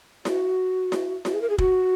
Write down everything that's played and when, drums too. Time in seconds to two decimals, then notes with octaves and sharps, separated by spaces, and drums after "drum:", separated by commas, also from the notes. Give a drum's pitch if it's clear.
0.25 F#4, drum: snare E4
0.92 drum: snare E4
1.25 F#4, drum: snare E4
1.33 G#4
1.41 A#4
1.50 G#4
1.58 F#4, drum: kick